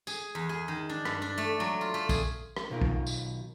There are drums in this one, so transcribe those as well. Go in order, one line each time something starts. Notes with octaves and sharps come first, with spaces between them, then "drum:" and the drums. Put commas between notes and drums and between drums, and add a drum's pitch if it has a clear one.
G#4, drum: tambourine
E2
G#4
D#3
D4
G2, drum: rim click
D4
A3
F#3
F4
A3
G#4, drum: kick A#1, tambourine
drum: rim click
B1 B2 D#3 F4 A#4
drum: kick A#1
drum: tambourine